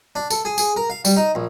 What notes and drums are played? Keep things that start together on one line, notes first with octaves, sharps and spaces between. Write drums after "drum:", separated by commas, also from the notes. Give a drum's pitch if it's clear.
D4
A4, drum: tambourine
G#4
G#4, drum: tambourine
A#4
F5
G3, drum: tambourine
D#4
A#1